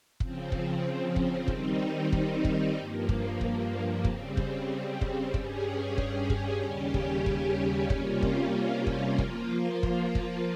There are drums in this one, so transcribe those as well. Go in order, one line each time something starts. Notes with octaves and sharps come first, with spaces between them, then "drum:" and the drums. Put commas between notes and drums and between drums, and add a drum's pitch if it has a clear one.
C#3 F3 C4, drum: kick
drum: kick
drum: kick
D#3 G3 C4 D#4, drum: kick
drum: kick
drum: kick
G2 F3 A#3
drum: kick
drum: kick
C#3 G3 C4, drum: kick
drum: kick
drum: kick
G2 G3 C#4 G#4, drum: kick
drum: kick
drum: kick
D#2 C#3 G3 C#4 G4
drum: kick
drum: kick
C3 G3 A#3 C#4 F4, drum: kick
drum: kick
drum: kick
F3 A#3 F4, drum: kick
drum: kick
drum: kick